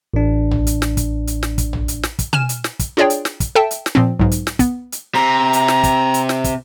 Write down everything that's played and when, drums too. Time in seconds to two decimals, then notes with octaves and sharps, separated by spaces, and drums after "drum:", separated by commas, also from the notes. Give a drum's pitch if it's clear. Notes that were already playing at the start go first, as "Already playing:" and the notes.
0.14 A1 D4
0.51 drum: tom A#1
0.67 drum: hi-hat
0.82 drum: snare
0.97 drum: kick, hi-hat
1.27 drum: hi-hat
1.43 drum: snare
1.58 drum: kick, hi-hat
1.73 drum: tom A#1
1.88 drum: hi-hat
2.03 drum: snare
2.19 drum: kick, hi-hat
2.33 G#5 F6 E7, drum: tom B2
2.49 drum: hi-hat
2.64 drum: snare
2.79 drum: kick, hi-hat
2.97 D4 F4 G#4 C#5 D5 G5
3.10 drum: hi-hat
3.25 drum: snare
3.40 drum: kick, hi-hat
3.55 A4 E5 G5 A5
3.71 drum: hi-hat
3.86 drum: snare
3.95 A#2 F3 C4
4.19 B1 G#2
4.31 drum: hi-hat
4.47 drum: snare
4.59 B3, drum: kick, hi-hat
4.92 drum: hi-hat
5.15 C3 A#5
5.53 drum: hi-hat
5.68 drum: snare
5.84 drum: kick, hi-hat
6.14 drum: hi-hat
6.29 drum: snare
6.44 drum: kick, hi-hat